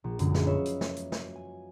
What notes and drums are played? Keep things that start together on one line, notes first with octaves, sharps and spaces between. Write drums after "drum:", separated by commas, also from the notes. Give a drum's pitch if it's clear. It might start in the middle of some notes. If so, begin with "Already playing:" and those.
A#1
F#2 D3 G#3, drum: hi-hat
drum: snare
F4 F#4 B4 C#5 D#5 E5
drum: hi-hat
drum: snare
drum: hi-hat
drum: snare
G#5